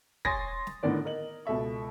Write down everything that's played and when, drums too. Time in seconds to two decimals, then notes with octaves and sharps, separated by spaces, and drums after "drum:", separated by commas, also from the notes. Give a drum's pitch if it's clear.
0.25 C#5 G#5 C6 D#6 A6 A#6, drum: kick
0.67 drum: snare
0.83 A2 D3 D#3 B3 D5
1.05 A#4 D#5 F#7
1.46 C#2 B2 A4 E5 C#6